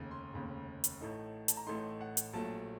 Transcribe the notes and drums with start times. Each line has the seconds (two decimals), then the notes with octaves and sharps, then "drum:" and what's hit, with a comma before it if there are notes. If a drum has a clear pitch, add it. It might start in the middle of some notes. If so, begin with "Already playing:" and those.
Already playing: F1 D#2 C#3
0.11 C6
0.33 F1 D#2 C#3
0.84 drum: hi-hat
1.01 A1 A2 A3 D#4
1.48 A5, drum: hi-hat
1.57 A#5
1.67 A1 A2 A3 D#4 C6
2.01 F#5
2.17 drum: hi-hat
2.33 A#1 A#2 F#3 A3 A5